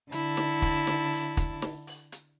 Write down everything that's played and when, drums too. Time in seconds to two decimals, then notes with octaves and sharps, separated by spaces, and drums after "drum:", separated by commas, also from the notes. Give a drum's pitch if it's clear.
0.12 D3 E4 A5, drum: hi-hat
0.37 drum: snare
0.62 drum: kick, open hi-hat
0.87 drum: snare
1.12 drum: open hi-hat
1.37 drum: kick, hi-hat
1.62 drum: snare
1.87 drum: open hi-hat
2.12 drum: hi-hat